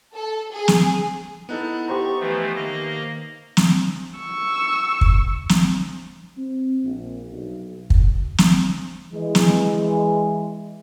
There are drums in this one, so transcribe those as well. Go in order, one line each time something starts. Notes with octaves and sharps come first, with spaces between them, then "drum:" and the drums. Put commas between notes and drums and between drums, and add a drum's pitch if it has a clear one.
A4
G#4
drum: snare
B3 D#4 E4 A4 F#6
G4 C5 A#5 C#6
E3 F3 A3 B4
D#3 A#3 D#5
drum: snare
C#6 E6
drum: kick
drum: snare
C4
A#1
B1
drum: kick
drum: snare
E3 G#3
drum: snare